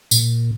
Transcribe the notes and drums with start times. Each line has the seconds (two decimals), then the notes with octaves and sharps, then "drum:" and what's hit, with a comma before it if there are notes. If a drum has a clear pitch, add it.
0.11 A#2, drum: tambourine